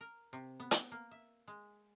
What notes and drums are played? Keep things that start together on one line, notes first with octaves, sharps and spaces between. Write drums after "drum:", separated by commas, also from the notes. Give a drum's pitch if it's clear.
A#4
C3
B3
drum: hi-hat
A#3
E5
G#3